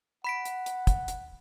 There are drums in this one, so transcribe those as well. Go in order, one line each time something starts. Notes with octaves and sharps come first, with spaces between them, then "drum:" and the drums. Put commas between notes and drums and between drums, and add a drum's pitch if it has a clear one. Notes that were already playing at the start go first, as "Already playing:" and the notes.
F#5 B5 B6 D7
drum: hi-hat
drum: hi-hat
drum: kick, hi-hat
drum: hi-hat